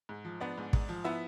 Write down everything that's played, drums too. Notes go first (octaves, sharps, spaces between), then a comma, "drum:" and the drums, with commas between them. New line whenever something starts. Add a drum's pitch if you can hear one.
G#2
F3
B3 D4 D5
G#2
G#2, drum: kick
F3
B3 E4 E5